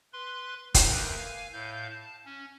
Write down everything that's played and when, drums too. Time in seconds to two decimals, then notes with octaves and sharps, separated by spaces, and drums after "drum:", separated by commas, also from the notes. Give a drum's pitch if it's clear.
0.13 B4 C6
0.75 D2 A#4 B4 G6, drum: kick, hi-hat
1.16 F5 G#5
1.53 A2 F5 G6
1.90 A5
2.25 C#4